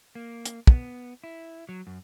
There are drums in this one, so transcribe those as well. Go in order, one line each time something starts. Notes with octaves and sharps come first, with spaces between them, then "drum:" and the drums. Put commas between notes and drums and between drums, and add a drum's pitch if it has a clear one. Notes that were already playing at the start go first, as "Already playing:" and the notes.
A#3
drum: hi-hat
B3, drum: kick
E4
F#3
F#2